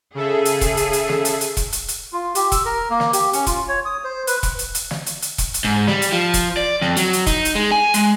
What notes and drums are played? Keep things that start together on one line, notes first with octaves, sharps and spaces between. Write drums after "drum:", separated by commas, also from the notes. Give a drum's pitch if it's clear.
C#3 G#4 A4 E5
drum: hi-hat
drum: kick E1, hi-hat
drum: hi-hat
drum: hi-hat
drum: snare
drum: hi-hat
drum: hi-hat
drum: kick E1, hi-hat
drum: hi-hat
drum: hi-hat
F4
G4, drum: hi-hat
E6, drum: kick E1, hi-hat
A#4
A#3
drum: snare
G4, drum: hi-hat
C#4, drum: hi-hat
F4, drum: kick E1, hi-hat
C#5
D#6
C5
B4, drum: hi-hat
drum: kick E1, hi-hat
drum: hi-hat
drum: hi-hat
drum: snare
drum: hi-hat
drum: hi-hat
drum: kick E1, hi-hat
drum: hi-hat
G#2
G3, drum: snare
drum: hi-hat
F3
drum: kick E1, hi-hat
D5
F2, drum: snare
F#3, drum: hi-hat
drum: hi-hat
D#4, drum: kick E1, hi-hat
drum: hi-hat
G#3
G#5
G#3, drum: hi-hat